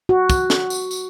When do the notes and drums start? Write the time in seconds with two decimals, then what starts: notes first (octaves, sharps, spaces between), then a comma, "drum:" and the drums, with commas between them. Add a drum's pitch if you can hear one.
0.09 F#4
0.30 drum: kick, tambourine
0.50 drum: snare
0.70 drum: tambourine
0.91 drum: tambourine